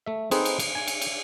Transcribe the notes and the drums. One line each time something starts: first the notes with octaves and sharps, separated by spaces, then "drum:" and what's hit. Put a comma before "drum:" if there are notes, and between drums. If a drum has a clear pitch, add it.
A3 E5
C4 D#4 G#4 A4 B4 C5, drum: cymbal
drum: cymbal
drum: cymbal
G#5
drum: cymbal
drum: cymbal